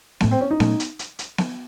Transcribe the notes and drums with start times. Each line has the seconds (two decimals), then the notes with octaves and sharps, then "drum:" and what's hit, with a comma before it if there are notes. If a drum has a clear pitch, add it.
0.20 A2 A3 C#4, drum: snare B3
0.31 C4
0.41 C#4
0.51 D#4
0.60 A#2 F#3 A3 C#4, drum: snare B3
0.80 drum: hi-hat
0.99 drum: hi-hat
1.19 drum: hi-hat
1.38 drum: snare B3